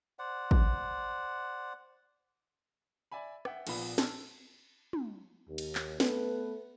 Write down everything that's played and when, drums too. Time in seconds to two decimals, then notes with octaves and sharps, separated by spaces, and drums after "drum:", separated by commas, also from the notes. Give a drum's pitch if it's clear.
0.19 C5 D5 F#5
0.51 drum: kick
3.12 D5 E5 G#5 B5
3.45 E5 F#5 G5, drum: rim click
3.67 A#1 A#2 F3 B3 B5, drum: cymbal
3.98 A5 E6 F6, drum: snare
4.93 drum: tom
5.49 D#2
5.58 drum: cymbal
5.75 drum: clap
6.00 A3 B3 B4, drum: snare